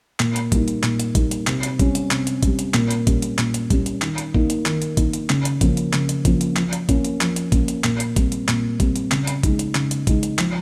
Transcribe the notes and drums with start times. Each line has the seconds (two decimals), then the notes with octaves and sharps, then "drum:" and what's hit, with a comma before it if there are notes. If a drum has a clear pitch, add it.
0.20 A#2, drum: clap
0.36 drum: hi-hat
0.52 G3 A#3 D#4, drum: kick, hi-hat
0.68 drum: hi-hat
0.83 A#2, drum: clap
1.00 drum: hi-hat
1.15 G3 A#3 D#4, drum: kick, hi-hat
1.31 drum: hi-hat
1.47 C3, drum: clap
1.63 drum: hi-hat
1.79 G3 C#4, drum: kick, hi-hat
1.95 drum: hi-hat
2.11 C3, drum: clap
2.27 drum: hi-hat
2.43 G3 C#4, drum: kick, hi-hat
2.59 drum: hi-hat
2.74 A#2, drum: clap
2.91 drum: hi-hat
3.07 G3 C#4, drum: kick, hi-hat
3.22 drum: hi-hat
3.38 A#2, drum: clap
3.54 drum: hi-hat
3.70 G3 C#4, drum: kick, hi-hat
3.86 drum: hi-hat
4.02 D#3, drum: clap
4.18 drum: hi-hat
4.34 A#3 D#4, drum: kick
4.50 drum: hi-hat
4.66 D#3, drum: clap
4.82 drum: hi-hat
4.97 A#3 D#4, drum: kick, hi-hat
5.13 drum: hi-hat
5.30 C#3, drum: clap
5.45 drum: hi-hat
5.61 F3 A#3 C#4, drum: kick, hi-hat
5.77 drum: hi-hat
5.93 C#3, drum: clap
6.09 drum: hi-hat
6.25 F3 A#3 C#4, drum: kick, hi-hat
6.41 drum: hi-hat
6.56 F3, drum: clap
6.73 drum: hi-hat
6.89 A#3 C#4, drum: kick, hi-hat
7.05 drum: hi-hat
7.21 F3, drum: clap
7.36 drum: hi-hat
7.52 A#3 C#4, drum: kick, hi-hat
7.68 drum: hi-hat
7.84 A#2, drum: clap
8.00 drum: hi-hat
8.16 G3 C4, drum: kick, hi-hat
8.32 drum: hi-hat
8.48 A#2, drum: clap
8.80 G3 C4, drum: kick, hi-hat
8.96 drum: hi-hat
9.11 C#3, drum: clap
9.27 drum: hi-hat
9.43 G#3 D#4, drum: kick, hi-hat
9.59 drum: hi-hat
9.75 C#3, drum: clap
9.91 drum: hi-hat
10.07 G#3 D#4, drum: kick, hi-hat
10.23 drum: hi-hat
10.39 F3, drum: clap